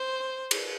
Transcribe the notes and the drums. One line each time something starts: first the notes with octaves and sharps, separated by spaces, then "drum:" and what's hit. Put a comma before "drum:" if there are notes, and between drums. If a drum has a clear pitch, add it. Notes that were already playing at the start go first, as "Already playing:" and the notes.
Already playing: C5
drum: cymbal